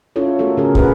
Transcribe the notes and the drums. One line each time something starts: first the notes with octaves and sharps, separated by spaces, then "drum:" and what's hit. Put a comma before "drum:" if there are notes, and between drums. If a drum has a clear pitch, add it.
C#4 E4 F4 A4 C#5
A3 B3 F#4 A4 A#4
C#3 C#4 F#4 G#4 A#4
A#2 G#4 B4 F#5, drum: kick